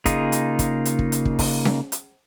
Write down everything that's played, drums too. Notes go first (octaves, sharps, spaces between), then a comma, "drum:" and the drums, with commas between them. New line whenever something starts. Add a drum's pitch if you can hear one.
C#3 A#3 D#4 F4 G#4, drum: kick, hi-hat
drum: hi-hat
drum: kick, hi-hat
drum: hi-hat
drum: kick
drum: hi-hat
drum: kick
drum: kick, open hi-hat
drum: snare C#4
drum: hi-hat